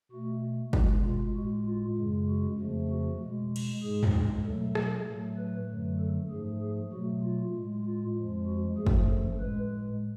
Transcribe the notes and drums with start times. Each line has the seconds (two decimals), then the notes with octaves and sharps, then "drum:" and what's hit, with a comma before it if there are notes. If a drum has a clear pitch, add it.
0.11 B2 A3 F#4
0.73 B2 G#3 F#4, drum: kick
1.05 F4
1.35 A2 G#3 F#4
1.66 F4
1.97 F#2 C#3 G#3
2.28 F#4
2.58 F2 C#3 F3 A3
2.91 F#4
3.21 B2 G#3
3.56 drum: cymbal
3.83 G#2 G#3 G#4
4.03 drum: tom
4.45 B2 F#3 A3 A4
4.75 A4, drum: rim click
5.07 A2 F#3 A3
5.38 B4
5.69 F#2 D3 F#3 A3
6.00 A4
6.30 G#2 F3 A3 G#4
6.61 G#4
6.92 B2 F#3 A3 F#4
7.23 F4
7.54 A2 G#3
7.85 F4
8.16 F2 F3 G#3
8.46 F#4
8.77 F#2 F3 A3 G#4
8.87 drum: kick
9.09 A4
9.39 A2 G#3 B4